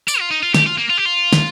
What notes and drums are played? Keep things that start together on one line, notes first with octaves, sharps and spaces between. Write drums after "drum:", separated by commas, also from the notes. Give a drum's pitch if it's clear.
D5, drum: tambourine
F4
D#4
F4
G4, drum: snare
F4
A#3
F4
G4
F4
drum: snare